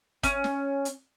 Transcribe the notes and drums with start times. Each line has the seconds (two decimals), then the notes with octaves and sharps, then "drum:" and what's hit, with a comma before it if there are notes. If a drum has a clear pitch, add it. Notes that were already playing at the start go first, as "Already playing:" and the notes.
0.23 C#4, drum: kick, hi-hat
0.44 drum: snare
0.85 drum: hi-hat